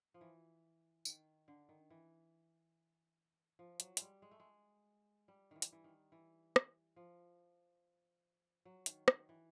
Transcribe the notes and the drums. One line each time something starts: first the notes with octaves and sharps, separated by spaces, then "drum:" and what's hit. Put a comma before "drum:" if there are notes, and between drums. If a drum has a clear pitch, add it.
F3
E3
D#3, drum: tambourine
D3
D#3
E3
F3
F#3, drum: hi-hat
G3 G#3, drum: hi-hat
G#3
A3
G#3
G3
D#3 E3
drum: hi-hat
E3
D#3
E3
drum: rim click
F3
F#3
D#3, drum: hi-hat
D#3, drum: rim click
E3